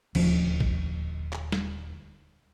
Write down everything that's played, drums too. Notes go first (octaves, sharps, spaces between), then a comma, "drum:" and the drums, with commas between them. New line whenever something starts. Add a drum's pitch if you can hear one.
D#1 D2 F3 C#4, drum: cymbal
drum: kick
drum: clap
drum: snare